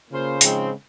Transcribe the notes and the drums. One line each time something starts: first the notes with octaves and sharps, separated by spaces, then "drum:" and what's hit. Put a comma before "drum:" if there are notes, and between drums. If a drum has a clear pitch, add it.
C#3 A#3 F4 C5
G#2 F3 G#3 C4, drum: hi-hat